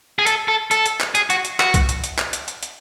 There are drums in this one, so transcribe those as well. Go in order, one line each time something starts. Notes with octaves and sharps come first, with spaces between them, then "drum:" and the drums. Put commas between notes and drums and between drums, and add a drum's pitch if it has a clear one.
G#4
A4, drum: hi-hat
A4
A4, drum: hi-hat
drum: hi-hat
drum: clap
G#4, drum: hi-hat
F#4, drum: hi-hat
drum: hi-hat
F#4, drum: clap
drum: kick B1, hi-hat
drum: hi-hat
drum: hi-hat
drum: clap
drum: hi-hat
drum: hi-hat
drum: hi-hat